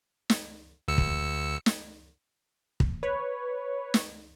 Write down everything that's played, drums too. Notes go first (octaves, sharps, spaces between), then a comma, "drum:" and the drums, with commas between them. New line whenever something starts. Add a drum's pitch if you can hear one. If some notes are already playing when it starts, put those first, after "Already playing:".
drum: snare
D2 E6 C#7
drum: kick
drum: snare
drum: kick
B4 C#5
drum: snare